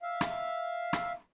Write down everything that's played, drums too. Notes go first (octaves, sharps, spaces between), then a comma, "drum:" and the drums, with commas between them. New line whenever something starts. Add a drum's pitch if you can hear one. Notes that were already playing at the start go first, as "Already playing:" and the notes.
E5 F5
drum: rim click
drum: rim click